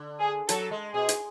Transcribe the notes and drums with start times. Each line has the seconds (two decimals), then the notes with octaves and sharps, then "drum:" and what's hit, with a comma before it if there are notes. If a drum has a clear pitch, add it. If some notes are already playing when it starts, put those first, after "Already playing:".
Already playing: D3
0.20 G#4
0.49 F#3 A4, drum: hi-hat
0.71 G#3
0.94 B2 G#4
1.09 drum: hi-hat